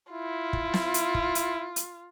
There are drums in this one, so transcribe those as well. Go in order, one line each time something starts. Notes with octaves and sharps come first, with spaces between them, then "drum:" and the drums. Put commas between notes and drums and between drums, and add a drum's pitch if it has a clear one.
E4 F4
drum: kick
drum: snare
drum: hi-hat
drum: kick
drum: hi-hat
drum: hi-hat